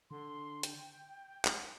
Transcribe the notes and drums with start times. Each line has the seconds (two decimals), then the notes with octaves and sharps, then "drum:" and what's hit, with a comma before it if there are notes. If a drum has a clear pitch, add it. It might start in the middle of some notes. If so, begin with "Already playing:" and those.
0.10 D3 C6
0.63 G5, drum: hi-hat
1.45 drum: clap